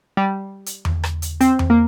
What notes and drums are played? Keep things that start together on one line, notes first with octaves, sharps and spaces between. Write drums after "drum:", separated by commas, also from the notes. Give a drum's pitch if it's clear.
G3
drum: hi-hat
drum: tom E2
drum: rim click
drum: hi-hat
C4, drum: hi-hat
drum: tom E2
A#3